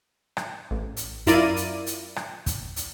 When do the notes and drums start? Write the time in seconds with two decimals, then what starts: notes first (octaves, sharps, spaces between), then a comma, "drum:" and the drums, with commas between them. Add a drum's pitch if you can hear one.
0.37 drum: rim click
0.71 A1
0.97 drum: hi-hat
1.27 F#2 E4 F4 A#4 D5 D#7, drum: hi-hat
1.56 drum: hi-hat
1.86 drum: hi-hat
2.16 drum: rim click
2.46 drum: kick, hi-hat
2.76 drum: hi-hat